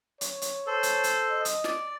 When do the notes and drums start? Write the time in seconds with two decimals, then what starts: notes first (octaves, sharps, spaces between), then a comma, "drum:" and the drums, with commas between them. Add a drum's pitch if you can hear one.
0.21 C#5, drum: hi-hat
0.42 drum: hi-hat
0.67 A4 C5
0.83 drum: hi-hat
1.04 drum: hi-hat
1.30 D#5
1.45 drum: hi-hat
1.64 D5, drum: snare